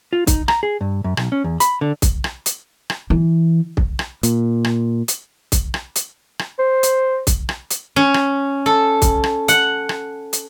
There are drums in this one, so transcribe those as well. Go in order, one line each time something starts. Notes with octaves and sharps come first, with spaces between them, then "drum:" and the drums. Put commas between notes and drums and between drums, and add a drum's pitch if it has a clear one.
F4
D#4, drum: kick, hi-hat
A#5, drum: rim click
G#4
G2
F#2
B1, drum: rim click
C#4
E2
B5, drum: hi-hat
D3
drum: kick, hi-hat
drum: rim click
drum: hi-hat
drum: rim click
E3
drum: kick
drum: rim click
A#2, drum: hi-hat
drum: rim click
drum: hi-hat
drum: kick, hi-hat
drum: rim click
drum: hi-hat
drum: rim click
C5
drum: hi-hat
drum: kick, hi-hat
drum: rim click
drum: hi-hat
C#4
drum: rim click
A4
drum: kick, hi-hat
drum: rim click
F#5, drum: hi-hat
drum: rim click
drum: hi-hat